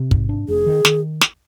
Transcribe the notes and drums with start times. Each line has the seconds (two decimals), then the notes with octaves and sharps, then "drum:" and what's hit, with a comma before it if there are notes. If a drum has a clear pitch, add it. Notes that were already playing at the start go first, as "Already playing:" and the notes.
Already playing: C3
0.11 G#2, drum: kick
0.29 D4
0.48 F1 G#4
0.66 D#3
0.85 D#3, drum: snare
1.21 drum: snare